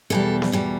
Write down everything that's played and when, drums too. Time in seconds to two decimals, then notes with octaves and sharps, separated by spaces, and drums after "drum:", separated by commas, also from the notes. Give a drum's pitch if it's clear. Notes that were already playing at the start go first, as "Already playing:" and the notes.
0.10 E2 B2 G3 A4
0.42 drum: snare B3
0.52 E2 B2 G3